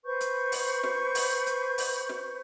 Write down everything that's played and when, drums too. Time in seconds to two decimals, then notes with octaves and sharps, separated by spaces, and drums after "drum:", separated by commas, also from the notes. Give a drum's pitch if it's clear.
0.05 B4 C5 C#6 G6
0.20 drum: hi-hat
0.52 drum: open hi-hat
0.83 drum: snare
1.15 drum: open hi-hat
1.46 drum: hi-hat
1.78 drum: open hi-hat
2.09 drum: snare